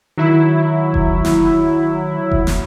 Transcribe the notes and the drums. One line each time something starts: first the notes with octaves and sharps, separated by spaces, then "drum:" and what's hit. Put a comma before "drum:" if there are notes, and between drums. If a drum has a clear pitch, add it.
D#3 F#3 E4
drum: kick F1
drum: snare
drum: kick F1
drum: snare